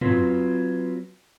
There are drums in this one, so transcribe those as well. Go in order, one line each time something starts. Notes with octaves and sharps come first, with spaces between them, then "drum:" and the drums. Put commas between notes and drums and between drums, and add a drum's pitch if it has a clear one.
F#3 C4 F4 B4, drum: tom